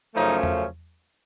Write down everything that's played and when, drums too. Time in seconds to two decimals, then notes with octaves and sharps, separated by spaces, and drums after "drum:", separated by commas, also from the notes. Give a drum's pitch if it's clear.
0.15 F#2 C#3 F3 A3 C#4 D#4
0.43 drum: tom E2